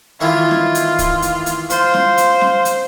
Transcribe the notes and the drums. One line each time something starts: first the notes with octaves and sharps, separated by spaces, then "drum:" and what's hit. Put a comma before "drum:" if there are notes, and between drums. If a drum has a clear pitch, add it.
D#3 E3 E4 F4
drum: snare
drum: hi-hat
drum: kick, hi-hat
drum: hi-hat
drum: hi-hat
F4 C5, drum: hi-hat
drum: snare
drum: hi-hat
drum: snare
drum: hi-hat